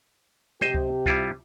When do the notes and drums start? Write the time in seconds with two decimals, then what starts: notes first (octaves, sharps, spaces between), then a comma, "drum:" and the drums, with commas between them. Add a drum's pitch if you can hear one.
0.61 C3 G4 C5 D#5, drum: snare
0.74 drum: kick C#2
1.06 G3 E4 F4, drum: kick C#2